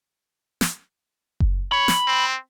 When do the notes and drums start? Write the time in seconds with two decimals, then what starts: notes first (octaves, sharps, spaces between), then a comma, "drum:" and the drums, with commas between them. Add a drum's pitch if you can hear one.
0.61 drum: snare
1.40 drum: kick F#1
1.72 C#5 B5
1.88 drum: snare
2.07 C4